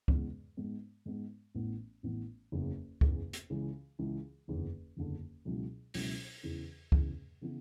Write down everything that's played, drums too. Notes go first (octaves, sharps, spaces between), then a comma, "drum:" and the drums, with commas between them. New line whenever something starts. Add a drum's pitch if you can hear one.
E2 C#3 E3 G#3 B3, drum: kick C#2
G#2 G#3 B3
G#2 G#3 B3
A1 A2 E3 B3
A1 A2 E3 B3
F#1 E2 C#3
F#1 E2 C#3, drum: kick C#2
drum: hi-hat
C#2 C#3 E3
C#2 C#3 E3
F#1 E2 D3
F#1 E2 D3
C#2 B2 F#3 C#4 E4
C#2 B2 F#3 C#4 E4, drum: open hi-hat
E2 C#3 E3
E2 C#3 E3, drum: kick C#2
C#3 E3 B3 E4